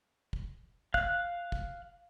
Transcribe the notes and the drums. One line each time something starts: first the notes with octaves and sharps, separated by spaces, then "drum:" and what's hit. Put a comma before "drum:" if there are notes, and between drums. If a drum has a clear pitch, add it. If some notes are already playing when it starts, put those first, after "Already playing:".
drum: kick
F5 F#6, drum: kick
drum: kick